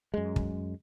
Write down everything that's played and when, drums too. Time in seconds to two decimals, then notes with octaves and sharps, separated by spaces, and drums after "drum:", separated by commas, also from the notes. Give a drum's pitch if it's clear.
0.14 F#2 G#3
0.36 drum: kick